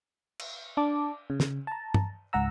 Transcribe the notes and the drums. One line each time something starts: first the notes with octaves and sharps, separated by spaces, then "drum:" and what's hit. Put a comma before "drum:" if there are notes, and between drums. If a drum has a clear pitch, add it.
drum: cymbal
D4 A5 D6
C#3
drum: snare
A5 A#5
drum: tom
C#2 G#2 F#5 A#5 E6